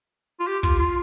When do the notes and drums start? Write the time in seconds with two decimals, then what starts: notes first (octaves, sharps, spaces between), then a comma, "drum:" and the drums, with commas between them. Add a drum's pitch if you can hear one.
0.40 F4
0.47 G4
0.63 F4, drum: kick
0.79 F4